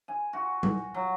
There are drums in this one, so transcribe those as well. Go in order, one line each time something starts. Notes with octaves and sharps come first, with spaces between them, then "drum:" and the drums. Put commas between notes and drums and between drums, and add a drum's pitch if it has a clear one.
G#5
F#4
drum: tom G3
F#3